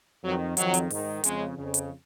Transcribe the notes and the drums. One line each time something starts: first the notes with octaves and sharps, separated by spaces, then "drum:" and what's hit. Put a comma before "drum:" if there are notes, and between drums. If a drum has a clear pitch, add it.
F2 D#3 F#3
F2 D#3 F#3, drum: hi-hat
drum: hi-hat
G#2 D#3, drum: open hi-hat
F2 C#3 G#3, drum: hi-hat
F2 C#3
drum: hi-hat